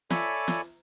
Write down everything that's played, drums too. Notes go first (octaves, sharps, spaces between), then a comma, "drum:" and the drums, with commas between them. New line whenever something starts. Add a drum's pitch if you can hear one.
A4 C#5 D5 E5 G#5 B5, drum: snare
drum: snare